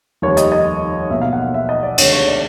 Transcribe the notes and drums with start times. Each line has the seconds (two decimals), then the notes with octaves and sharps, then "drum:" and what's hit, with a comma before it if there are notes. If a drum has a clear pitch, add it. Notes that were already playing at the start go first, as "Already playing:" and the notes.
0.22 F1 D#2 D#3 G3 C#5
0.37 D#5, drum: hi-hat
0.52 D#5
1.10 B1 B2 F#3 A#3 E5
1.21 F5
1.33 F#5
1.43 F5
1.54 E5
1.69 D#5
1.83 D5
1.98 D2 C3 D#3 G#3 C#5, drum: cymbal
2.12 C#5
2.27 D5